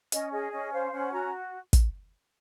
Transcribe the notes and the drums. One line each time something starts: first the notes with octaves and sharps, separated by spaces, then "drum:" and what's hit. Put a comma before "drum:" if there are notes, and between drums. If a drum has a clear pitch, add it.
C#4 D#5, drum: hi-hat
G#4 D#5
C#4 D#5
C5 F5
C#4 F#5
F#4 A#5
drum: kick, hi-hat